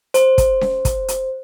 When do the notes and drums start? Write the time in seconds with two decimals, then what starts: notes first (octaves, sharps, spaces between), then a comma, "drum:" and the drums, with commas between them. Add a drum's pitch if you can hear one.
0.14 C5, drum: hi-hat
0.38 drum: kick, hi-hat
0.61 drum: snare C#4
0.85 drum: kick, hi-hat
1.08 drum: hi-hat